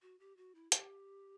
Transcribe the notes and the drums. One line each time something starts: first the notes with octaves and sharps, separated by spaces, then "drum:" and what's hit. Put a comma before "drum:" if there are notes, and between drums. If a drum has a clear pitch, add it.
F#4
G4
F#4
E4
G4, drum: hi-hat